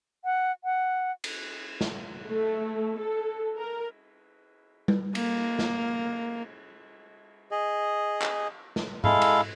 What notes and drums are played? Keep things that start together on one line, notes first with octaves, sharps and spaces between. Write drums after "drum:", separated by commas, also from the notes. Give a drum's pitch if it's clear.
F#5
F#5
drum: cymbal
drum: snare
A3
A4
A#4
drum: tom G3
A#3, drum: cymbal
drum: snare
G#4 D#5
drum: clap
drum: snare
G#3 E4 A4 F5, drum: tom G#2
drum: cymbal